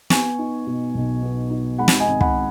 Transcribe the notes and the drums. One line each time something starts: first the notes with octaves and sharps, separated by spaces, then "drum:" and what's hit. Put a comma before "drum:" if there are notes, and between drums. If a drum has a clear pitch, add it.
B3 G#5 C#6, drum: snare
D#4
B2
B1
B3
D#4
G#3 F#5 B5
drum: snare
D#5 G#5
G#1
F#5 B5, drum: kick